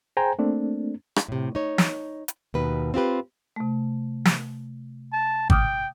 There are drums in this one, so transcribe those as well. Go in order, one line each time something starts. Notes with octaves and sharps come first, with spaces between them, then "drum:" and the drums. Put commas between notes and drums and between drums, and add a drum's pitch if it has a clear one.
G#4 C5 G5 G#5 A#5
A3 A#3 C4 D4
drum: rim click
A2 C3
D#4 C#5
drum: snare
drum: hi-hat
D#2 B2 B4
C4 F4 G4 B4
C3 A3
drum: snare
A5
G5 D6 D#6 F6, drum: kick